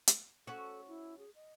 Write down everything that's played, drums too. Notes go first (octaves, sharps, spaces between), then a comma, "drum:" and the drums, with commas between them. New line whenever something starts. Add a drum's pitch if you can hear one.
drum: hi-hat
C#4 F#4 A4
E4
G#4
D#5